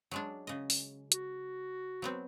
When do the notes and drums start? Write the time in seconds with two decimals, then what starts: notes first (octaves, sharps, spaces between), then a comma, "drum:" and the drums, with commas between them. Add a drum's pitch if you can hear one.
0.11 F#3 G#3 D4
0.47 C#3 D#5
0.70 drum: open hi-hat
1.12 F#4, drum: hi-hat
2.02 F#3 B3 C4